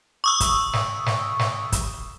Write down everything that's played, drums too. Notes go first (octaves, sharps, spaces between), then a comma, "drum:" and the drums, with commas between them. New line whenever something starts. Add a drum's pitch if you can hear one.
C#6 D#6 E6
drum: kick, hi-hat
drum: snare
drum: snare
drum: snare
drum: kick, hi-hat